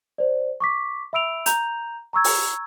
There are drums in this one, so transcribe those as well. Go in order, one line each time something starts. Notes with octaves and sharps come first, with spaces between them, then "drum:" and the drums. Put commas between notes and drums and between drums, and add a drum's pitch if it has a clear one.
C5 D5
C#6 D6 B6
E5 B5 E6 D7 F7
A#5 G6 F7, drum: hi-hat
A#5 C#6 E6 G#6
drum: open hi-hat